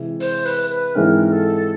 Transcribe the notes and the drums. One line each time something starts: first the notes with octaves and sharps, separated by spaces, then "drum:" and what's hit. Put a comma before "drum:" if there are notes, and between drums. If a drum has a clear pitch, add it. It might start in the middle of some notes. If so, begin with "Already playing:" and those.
Already playing: C3 E3 G#3
C5, drum: open hi-hat
B4, drum: open hi-hat
B4
G#2 E3 G#3 C4 A#4
A4